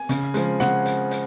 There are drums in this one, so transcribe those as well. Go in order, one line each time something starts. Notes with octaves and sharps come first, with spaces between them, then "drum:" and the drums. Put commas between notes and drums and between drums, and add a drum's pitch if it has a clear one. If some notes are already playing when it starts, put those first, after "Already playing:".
Already playing: G#5
C#3, drum: hi-hat
F3 G#3, drum: hi-hat
C#3 F#5, drum: snare
drum: hi-hat
drum: hi-hat